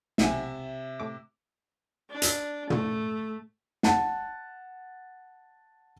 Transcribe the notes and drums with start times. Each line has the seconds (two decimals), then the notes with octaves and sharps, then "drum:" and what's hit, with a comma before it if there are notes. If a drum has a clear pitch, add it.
0.18 B1 C3 E5 F#5 G#5, drum: snare
1.00 A2 D6
2.11 D4
2.22 drum: hi-hat
2.70 A3, drum: tom
3.83 F#5 A5, drum: snare